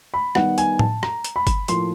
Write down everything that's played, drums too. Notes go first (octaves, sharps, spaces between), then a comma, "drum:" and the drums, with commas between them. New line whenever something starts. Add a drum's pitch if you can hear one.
B5
D#3 G3 B3 F#5, drum: rim click
G#5, drum: hi-hat
A5, drum: tom A2
A#5, drum: rim click
drum: hi-hat
B5
drum: kick G1, hi-hat
A2 F3 A#3 C6, drum: hi-hat